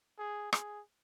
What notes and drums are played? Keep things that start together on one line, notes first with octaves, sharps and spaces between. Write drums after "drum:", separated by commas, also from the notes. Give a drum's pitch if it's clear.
G#4
G#4, drum: rim click